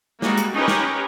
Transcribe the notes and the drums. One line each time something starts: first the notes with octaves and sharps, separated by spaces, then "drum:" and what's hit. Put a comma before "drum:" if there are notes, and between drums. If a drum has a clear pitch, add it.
G3 G#3 A#3 F#4, drum: snare
drum: hi-hat
C#4 D#4 G4 A#4 B4
drum: snare